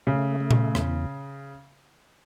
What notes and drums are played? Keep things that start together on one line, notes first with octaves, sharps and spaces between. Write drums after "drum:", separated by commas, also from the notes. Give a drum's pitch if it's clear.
C#3 A3
A3
drum: tom A#2
E2, drum: rim click